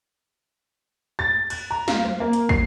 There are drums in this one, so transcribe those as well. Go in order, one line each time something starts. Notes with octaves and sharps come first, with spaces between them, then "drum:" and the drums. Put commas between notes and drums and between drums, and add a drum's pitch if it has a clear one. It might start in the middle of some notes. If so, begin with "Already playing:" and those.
A6
F#6, drum: cymbal
A#5
F5, drum: snare
C5
A#3
drum: hi-hat
C7, drum: kick